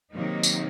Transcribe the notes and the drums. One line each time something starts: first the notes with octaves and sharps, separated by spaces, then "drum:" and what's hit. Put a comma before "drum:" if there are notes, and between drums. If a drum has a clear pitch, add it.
C3 D#3 F#3 A#3 D#4
drum: tambourine